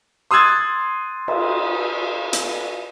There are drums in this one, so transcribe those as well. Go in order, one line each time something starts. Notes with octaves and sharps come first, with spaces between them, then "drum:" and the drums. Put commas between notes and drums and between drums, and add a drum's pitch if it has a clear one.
C6 D#6 E6 F#6 G#6 A6
drum: cymbal
drum: hi-hat